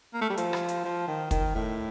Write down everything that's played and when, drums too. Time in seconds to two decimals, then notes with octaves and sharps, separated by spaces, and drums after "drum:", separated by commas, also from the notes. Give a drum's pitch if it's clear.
0.14 A#3
0.21 A3
0.30 G3
0.37 F3, drum: hi-hat
0.53 drum: rim click
0.69 drum: hi-hat
0.84 F3
1.08 D#3
1.31 D#3, drum: kick, hi-hat
1.55 A2